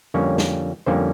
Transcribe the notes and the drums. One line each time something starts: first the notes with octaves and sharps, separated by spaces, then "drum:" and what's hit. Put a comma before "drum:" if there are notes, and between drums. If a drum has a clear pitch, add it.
F2 D3 G3 A#3 C#4 C#5
drum: snare
F2 D3 G3 A#3 C#4 C5